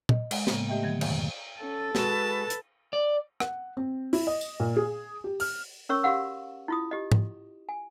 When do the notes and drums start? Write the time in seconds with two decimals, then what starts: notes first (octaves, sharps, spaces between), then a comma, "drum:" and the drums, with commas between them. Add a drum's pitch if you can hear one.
0.09 D#5, drum: tom
0.31 G#3 F#5, drum: cymbal
0.47 A2 C#3 A#3 B3, drum: snare
0.69 A3 G4 D#5 E5 G5
0.83 D3 D#3 F#3 B3 G#6
1.01 F2 G#2 B2 D#3, drum: cymbal
1.61 C#4 A4
1.95 G#3 F#4 B4 A5, drum: snare
2.50 drum: hi-hat
2.93 D5
3.40 F#5, drum: rim click
3.77 C4
4.13 E4, drum: open hi-hat
4.27 D#5
4.41 drum: tambourine
4.60 A#2
4.77 G#4
5.24 G4
5.40 F6, drum: open hi-hat
5.89 C#4 A#4 C#5 C#6 E6
6.03 F#4 G4 F5 F#5 E6
6.68 E4 F4 D#6
6.91 G4 D#5
7.12 drum: tom
7.69 G#5